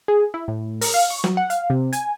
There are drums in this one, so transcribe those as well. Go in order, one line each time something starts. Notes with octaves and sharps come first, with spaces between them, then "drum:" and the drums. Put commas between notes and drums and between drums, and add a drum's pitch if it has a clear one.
G#4
E4
A2
A#4, drum: open hi-hat
F5
C#6
F#3, drum: snare
F#5
F5, drum: hi-hat
C3
G#5, drum: hi-hat